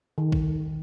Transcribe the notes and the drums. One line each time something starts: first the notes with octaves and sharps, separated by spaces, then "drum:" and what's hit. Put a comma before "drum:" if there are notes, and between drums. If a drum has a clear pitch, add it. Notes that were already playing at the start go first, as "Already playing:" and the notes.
D#3
drum: kick A#1